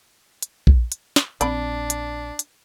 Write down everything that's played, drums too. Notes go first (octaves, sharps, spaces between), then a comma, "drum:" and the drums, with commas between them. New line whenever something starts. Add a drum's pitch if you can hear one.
drum: hi-hat
drum: kick A#1
drum: hi-hat
drum: snare
A#1 C4 D4 D5 B5, drum: hi-hat
drum: hi-hat
drum: hi-hat